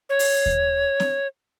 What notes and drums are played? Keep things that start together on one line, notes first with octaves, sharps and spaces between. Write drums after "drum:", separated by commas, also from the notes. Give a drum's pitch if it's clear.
C#5
drum: open hi-hat
drum: kick D#2
drum: snare C4